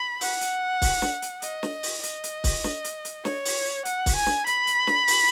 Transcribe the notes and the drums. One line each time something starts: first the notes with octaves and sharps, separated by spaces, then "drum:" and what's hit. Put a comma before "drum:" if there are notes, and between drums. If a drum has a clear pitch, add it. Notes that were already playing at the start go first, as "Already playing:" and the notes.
Already playing: B5
F#5, drum: open hi-hat
drum: hi-hat
drum: kick, open hi-hat
drum: snare
drum: hi-hat
D#5, drum: hi-hat
drum: snare
drum: open hi-hat
D#5, drum: hi-hat
drum: hi-hat
drum: kick, open hi-hat
drum: snare
drum: hi-hat
drum: hi-hat
C#5, drum: snare
drum: open hi-hat
F#5, drum: hi-hat
drum: kick, open hi-hat
G#5
drum: snare
B5, drum: hi-hat
drum: hi-hat
drum: snare
drum: open hi-hat